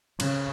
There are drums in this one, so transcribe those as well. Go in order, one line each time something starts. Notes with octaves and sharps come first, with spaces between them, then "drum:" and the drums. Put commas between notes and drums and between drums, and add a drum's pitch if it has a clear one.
C#3, drum: cymbal